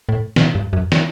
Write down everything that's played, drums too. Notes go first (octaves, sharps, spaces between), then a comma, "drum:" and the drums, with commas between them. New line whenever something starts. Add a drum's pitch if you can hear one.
A2
B2, drum: snare
G2
F#2
drum: snare